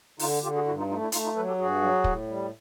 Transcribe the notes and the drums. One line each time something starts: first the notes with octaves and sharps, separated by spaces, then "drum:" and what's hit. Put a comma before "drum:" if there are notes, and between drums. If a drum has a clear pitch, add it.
D3 D#4 F4, drum: open hi-hat
D3 F4 G4
F#4 G#4
G2 E4 F#4
D#4 F4
A3 D#4 F4
D4 E4
A3 D#4 F4, drum: hi-hat
D#4 F4
F#3 A4 B4
G4 A4
G2 F#4 G#4
F#3
A2, drum: kick
G3